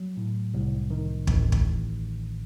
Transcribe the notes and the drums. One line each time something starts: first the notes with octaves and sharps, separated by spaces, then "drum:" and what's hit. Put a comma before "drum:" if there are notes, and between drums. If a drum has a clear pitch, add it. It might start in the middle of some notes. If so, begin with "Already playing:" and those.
Already playing: F#3
A2
C2
D#3
A1, drum: kick
drum: kick